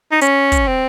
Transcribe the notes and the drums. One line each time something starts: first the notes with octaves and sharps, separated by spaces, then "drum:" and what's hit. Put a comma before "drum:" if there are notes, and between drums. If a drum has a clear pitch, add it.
D#4
C#4, drum: hi-hat
drum: kick, hi-hat
C4